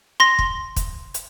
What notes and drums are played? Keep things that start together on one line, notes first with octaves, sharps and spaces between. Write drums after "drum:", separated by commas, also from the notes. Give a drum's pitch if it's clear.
C6 A#6
drum: kick
drum: kick, hi-hat
drum: hi-hat